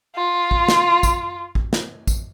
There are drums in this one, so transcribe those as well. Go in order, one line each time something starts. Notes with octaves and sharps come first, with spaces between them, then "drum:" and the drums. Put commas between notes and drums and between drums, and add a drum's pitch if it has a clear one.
F4
drum: kick
drum: snare
drum: kick, tambourine
drum: kick
drum: snare
drum: kick, tambourine